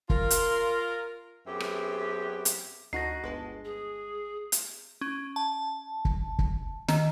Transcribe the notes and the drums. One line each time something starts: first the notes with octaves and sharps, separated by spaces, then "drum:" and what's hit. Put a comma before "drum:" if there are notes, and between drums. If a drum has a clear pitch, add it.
F4 A#4, drum: kick
drum: hi-hat
F#2 B3 C4 G4 G#4 E5
drum: rim click
drum: hi-hat
D2 D#4 F#4 A#6 C7
G1 G#3 B4 A5
G#4
drum: hi-hat
C#4
A5
drum: kick
drum: kick
D#3, drum: snare